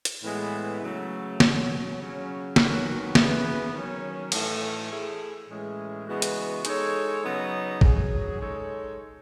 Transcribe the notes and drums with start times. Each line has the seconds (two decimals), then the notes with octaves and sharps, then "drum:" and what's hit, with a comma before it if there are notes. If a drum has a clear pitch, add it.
0.05 drum: hi-hat
0.24 A2 E3 G#3 B3
0.82 C#3 F#3 A3
1.40 B2 F#3 C#4, drum: snare
1.98 C#3 F#3 C#4
2.56 D#3 F#3 C#4 F#4 B4, drum: snare
3.15 C#3 E3 B3, drum: snare
3.73 D#3 F#3 C#4
4.32 A2 E3 A3, drum: cymbal
4.90 A3 E4 G#4
5.48 A2 E3 G#3 C#4 G#4
6.06 C#3 E3 G#3 B3 F#4
6.22 drum: hi-hat
6.65 G#3 D#4 A4 C#5, drum: hi-hat
7.23 C#3 F#3 B3 D#4
7.81 F#3 C#4 G#4, drum: kick
8.40 G#3 D#4 A4 C#5